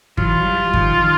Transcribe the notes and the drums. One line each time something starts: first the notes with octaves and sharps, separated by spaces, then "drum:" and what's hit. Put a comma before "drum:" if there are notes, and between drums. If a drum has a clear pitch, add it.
E3 F#3 F4, drum: kick G1
F3 G3
D#3 F3, drum: kick G1
D#3 F3